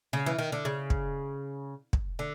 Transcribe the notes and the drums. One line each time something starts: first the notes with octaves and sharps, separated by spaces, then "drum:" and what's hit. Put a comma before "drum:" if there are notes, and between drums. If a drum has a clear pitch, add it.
C#3
E3
D#3
D3
C#3
drum: kick
drum: kick
D3